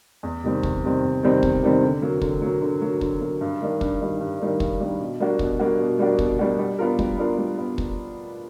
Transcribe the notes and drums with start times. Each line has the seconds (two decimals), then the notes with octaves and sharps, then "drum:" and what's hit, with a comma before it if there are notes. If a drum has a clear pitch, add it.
0.23 E2
0.44 C3 D#3 G3 C4
0.63 E2, drum: kick
0.83 C3 D#3 G3 C4
1.03 E2
1.23 C3 D#3 G3 C4
1.43 E2, drum: kick
1.63 C3 D#3 G3 C4
1.82 D3
2.02 F#3 A#3
2.22 D3, drum: kick
2.42 F#3 A#3
2.61 D3
2.81 F#3 A#3
3.01 D3, drum: kick
3.21 F#3 A#3
3.41 G2
3.61 D#3 G3 A#3 D4
3.81 G2, drum: kick
4.01 D#3 G3 A#3 D4
4.21 G2
4.40 D#3 G3 A#3 D4
4.60 G2, drum: kick
4.80 D#3 G3 A#3 D4
5.00 B2
5.20 G3 A#3 D4 F#4
5.39 B2, drum: kick
5.59 G3 A#3 D4 F#4
5.80 B2
5.99 G3 A#3 D4 F#4
6.19 B2, drum: kick
6.39 G3 A#3 D4 F#4
6.59 G3
6.79 B3 D4 F4 A#4
6.99 G3, drum: kick
7.18 B3 D4 F4 A#4
7.38 G3
7.58 B3
7.78 drum: kick